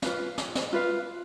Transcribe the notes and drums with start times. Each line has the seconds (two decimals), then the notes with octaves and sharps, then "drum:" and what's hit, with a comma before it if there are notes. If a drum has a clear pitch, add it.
0.02 F4 B4 F5, drum: snare
0.38 drum: snare
0.55 drum: snare
0.73 F4 B4 F5